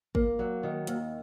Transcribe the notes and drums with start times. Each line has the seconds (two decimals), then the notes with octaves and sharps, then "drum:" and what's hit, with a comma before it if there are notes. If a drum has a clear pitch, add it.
0.15 A#3, drum: kick
0.39 F#3
0.63 D#3
0.87 D#2, drum: hi-hat